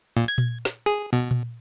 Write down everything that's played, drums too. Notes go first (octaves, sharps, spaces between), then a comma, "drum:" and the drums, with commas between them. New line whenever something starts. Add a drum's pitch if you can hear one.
A#2
G#6
drum: tom A#2
drum: snare
G#4
B2
drum: tom A#2